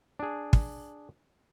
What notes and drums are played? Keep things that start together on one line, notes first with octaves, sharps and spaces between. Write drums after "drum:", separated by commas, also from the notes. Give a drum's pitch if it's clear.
D4 G#4
drum: kick